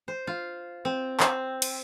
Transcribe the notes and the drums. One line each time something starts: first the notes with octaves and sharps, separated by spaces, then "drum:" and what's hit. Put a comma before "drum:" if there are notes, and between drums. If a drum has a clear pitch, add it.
C5
F4
C4
C4, drum: clap
drum: cymbal